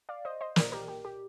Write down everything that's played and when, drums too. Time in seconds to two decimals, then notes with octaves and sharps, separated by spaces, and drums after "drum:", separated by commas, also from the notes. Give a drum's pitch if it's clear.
0.09 D5 F5
0.25 C5 D#5
0.41 C5 D#5
0.56 A#2 A#4 D5, drum: snare
0.72 G4 A#4
0.88 G4
1.05 G4